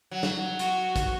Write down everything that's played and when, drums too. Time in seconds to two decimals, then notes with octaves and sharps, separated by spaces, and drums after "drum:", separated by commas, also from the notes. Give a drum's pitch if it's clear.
0.11 F#3
0.23 drum: snare
0.59 F#4, drum: hi-hat
0.96 drum: kick, hi-hat